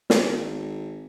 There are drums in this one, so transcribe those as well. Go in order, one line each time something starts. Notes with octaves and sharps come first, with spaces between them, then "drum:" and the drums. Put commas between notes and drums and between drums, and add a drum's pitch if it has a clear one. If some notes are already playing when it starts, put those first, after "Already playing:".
G#1, drum: snare